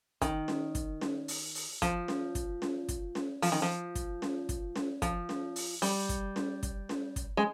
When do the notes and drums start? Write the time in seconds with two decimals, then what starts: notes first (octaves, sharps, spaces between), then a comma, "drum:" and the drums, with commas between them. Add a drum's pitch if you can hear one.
0.22 D#3, drum: kick, hi-hat
0.48 drum: snare C#4
0.75 drum: kick, hi-hat
1.01 drum: snare C#4
1.28 drum: open hi-hat
1.55 drum: open hi-hat
1.82 F3, drum: kick, hi-hat
2.08 drum: snare C#4
2.35 drum: kick, hi-hat
2.62 drum: snare C#4
2.88 drum: kick, hi-hat
3.15 drum: snare C#4
3.42 F3, drum: open hi-hat
3.52 D#3
3.62 F3
3.95 drum: kick, hi-hat
4.22 drum: snare C#4
4.49 drum: kick, hi-hat
4.76 drum: snare C#4
5.02 F3, drum: kick, hi-hat
5.29 drum: snare C#4
5.56 drum: open hi-hat
5.82 G3, drum: open hi-hat
6.09 drum: kick, hi-hat
6.36 drum: snare C#4
6.63 drum: kick, hi-hat
6.89 drum: snare C#4
7.16 drum: kick, hi-hat
7.37 G#3